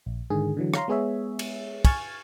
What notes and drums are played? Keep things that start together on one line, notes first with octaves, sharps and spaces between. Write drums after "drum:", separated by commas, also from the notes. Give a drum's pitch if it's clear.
A#1
G#2 D3 D#3 G#4
D3 E3 F#3
C#5 F5 A#5 C6, drum: rim click
G#3 B3 G#4 C#5 E5
drum: cymbal
G#5 C#6 F6 G#6 A6, drum: kick, cymbal